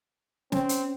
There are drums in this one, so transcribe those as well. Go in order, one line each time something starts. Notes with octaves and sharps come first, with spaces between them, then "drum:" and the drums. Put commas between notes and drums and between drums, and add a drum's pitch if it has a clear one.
C4 C#4, drum: snare
drum: hi-hat